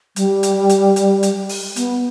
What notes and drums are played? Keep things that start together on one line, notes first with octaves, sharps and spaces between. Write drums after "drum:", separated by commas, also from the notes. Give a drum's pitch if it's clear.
G3, drum: hi-hat
drum: hi-hat
drum: hi-hat
drum: hi-hat
drum: hi-hat
drum: open hi-hat
B3, drum: hi-hat